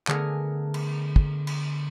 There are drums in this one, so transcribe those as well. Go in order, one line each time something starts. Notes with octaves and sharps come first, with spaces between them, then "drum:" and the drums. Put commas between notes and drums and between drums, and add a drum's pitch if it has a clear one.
D3 A3 B3 G#4 A#4, drum: clap
drum: cymbal
drum: kick
drum: cymbal